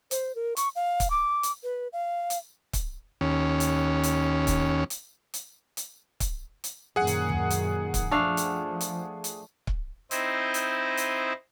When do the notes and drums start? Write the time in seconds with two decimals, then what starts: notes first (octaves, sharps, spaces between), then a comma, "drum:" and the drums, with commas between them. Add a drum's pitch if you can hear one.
0.11 C5, drum: hi-hat
0.35 A#4
0.57 C#6, drum: hi-hat
0.76 F5
1.00 drum: kick C#1, hi-hat
1.10 D6
1.43 drum: hi-hat
1.64 B4
1.93 F5
2.30 drum: hi-hat
2.73 drum: kick C#1, hi-hat
3.21 D#2 C#4
3.60 drum: hi-hat
4.03 drum: hi-hat
4.47 drum: kick C#1, hi-hat
4.90 drum: hi-hat
5.34 drum: hi-hat
5.77 drum: hi-hat
6.20 drum: kick C#1, hi-hat
6.64 drum: hi-hat
6.96 F#2 A#2 D#3 G#4 F#5
7.07 drum: hi-hat
7.29 drum: tom
7.50 drum: hi-hat
7.94 drum: kick C#1, hi-hat
8.11 F3 A3 D4 F5
8.37 drum: hi-hat
8.81 drum: hi-hat
9.24 drum: hi-hat
9.67 drum: kick C#1
10.11 C4 D#4 E4 C5 D#5, drum: hi-hat
10.54 drum: hi-hat
10.97 drum: hi-hat